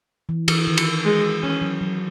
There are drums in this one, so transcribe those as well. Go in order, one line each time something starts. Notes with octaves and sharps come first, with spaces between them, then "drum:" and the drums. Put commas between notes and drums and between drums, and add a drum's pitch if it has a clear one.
E3
E3, drum: cymbal
D#3
drum: cymbal
G#3
E3 C#4
F#3
F#3